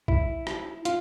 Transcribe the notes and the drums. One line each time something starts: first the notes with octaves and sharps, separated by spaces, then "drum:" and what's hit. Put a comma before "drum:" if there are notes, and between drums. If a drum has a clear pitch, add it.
E4, drum: kick A#1
drum: rim click
F4, drum: hi-hat